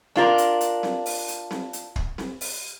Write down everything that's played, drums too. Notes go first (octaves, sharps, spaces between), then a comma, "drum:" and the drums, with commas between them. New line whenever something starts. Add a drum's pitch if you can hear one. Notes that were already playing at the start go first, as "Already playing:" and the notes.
D4 F4 A#4, drum: snare C4
drum: hi-hat
drum: hi-hat
drum: snare C4
drum: open hi-hat
drum: hi-hat
drum: snare C4
drum: hi-hat
drum: kick
drum: snare C4
drum: open hi-hat